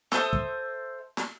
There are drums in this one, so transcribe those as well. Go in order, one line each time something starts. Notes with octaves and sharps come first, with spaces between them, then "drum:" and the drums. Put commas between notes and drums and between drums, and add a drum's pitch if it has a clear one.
A4 C5 E5 D#6, drum: snare
drum: kick
drum: snare